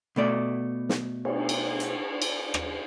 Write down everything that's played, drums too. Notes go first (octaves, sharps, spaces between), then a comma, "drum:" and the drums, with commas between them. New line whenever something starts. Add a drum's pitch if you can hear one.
B2 A3 D5
drum: snare
drum: cymbal
drum: cymbal
drum: hi-hat
drum: cymbal
drum: rim click